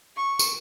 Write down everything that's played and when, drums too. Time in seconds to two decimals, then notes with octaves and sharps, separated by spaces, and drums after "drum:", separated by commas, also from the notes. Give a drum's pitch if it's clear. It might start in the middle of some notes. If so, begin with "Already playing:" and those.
0.17 C#6
0.39 drum: tambourine